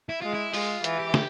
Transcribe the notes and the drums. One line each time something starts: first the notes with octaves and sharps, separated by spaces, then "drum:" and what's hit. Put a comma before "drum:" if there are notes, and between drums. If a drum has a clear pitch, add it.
E4
G#3 F4
E4
G#3 F4, drum: open hi-hat
E3, drum: hi-hat
G4
drum: snare